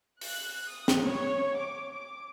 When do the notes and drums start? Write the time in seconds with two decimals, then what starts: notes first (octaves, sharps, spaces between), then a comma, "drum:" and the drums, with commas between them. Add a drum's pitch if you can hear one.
0.21 F#6, drum: open hi-hat
0.69 D#6
0.88 drum: snare
1.01 C#5
1.57 D6
1.93 D6